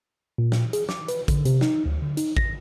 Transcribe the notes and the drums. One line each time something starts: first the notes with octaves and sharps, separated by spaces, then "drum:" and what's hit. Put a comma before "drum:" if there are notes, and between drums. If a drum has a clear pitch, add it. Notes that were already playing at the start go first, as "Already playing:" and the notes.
A#2
drum: snare
G#4, drum: hi-hat
D6, drum: snare
B4, drum: hi-hat
D3, drum: kick A1, hi-hat
C3, drum: hi-hat
D#4, drum: snare
D2
D3
D#4, drum: hi-hat
A#6, drum: kick A1